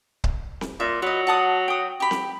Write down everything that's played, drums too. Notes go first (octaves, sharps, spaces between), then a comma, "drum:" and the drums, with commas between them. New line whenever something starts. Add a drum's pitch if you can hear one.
drum: kick C#1
drum: snare C4
A#2 E5
F#3 B4 D#5
F#5 A5 D#6
G5 D#6
G4 B5
drum: snare C4